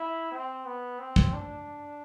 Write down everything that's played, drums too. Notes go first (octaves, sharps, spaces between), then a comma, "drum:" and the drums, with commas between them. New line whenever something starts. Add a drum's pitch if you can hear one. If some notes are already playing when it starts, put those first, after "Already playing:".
Already playing: E4
C4
B3
C4
drum: kick
D4